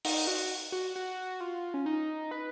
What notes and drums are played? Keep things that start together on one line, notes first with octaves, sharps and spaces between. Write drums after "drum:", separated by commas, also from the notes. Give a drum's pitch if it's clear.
D#4, drum: open hi-hat
F#4
F#4
F#4
F4
C#4
D#4
B4